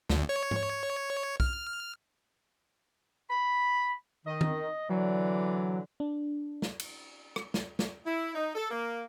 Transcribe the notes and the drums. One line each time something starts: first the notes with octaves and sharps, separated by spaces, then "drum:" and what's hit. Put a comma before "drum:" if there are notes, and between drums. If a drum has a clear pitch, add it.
D2, drum: snare
C#5
drum: tom G#2
F6, drum: kick B1
B5
D#3 D#5
drum: tom
D3 E3 F#3 D5
D4
drum: snare
drum: cymbal
drum: rim click
drum: snare
drum: snare
E4
D#4
A4
A#3